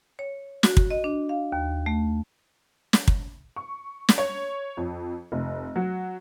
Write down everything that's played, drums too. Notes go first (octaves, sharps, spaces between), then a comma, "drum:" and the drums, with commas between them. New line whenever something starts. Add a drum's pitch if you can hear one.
C#5
F#4, drum: snare
drum: kick
D#5
D4
F5
D#2
A3
drum: snare
drum: kick
C#6
drum: snare
C#5
F2
F1
F#3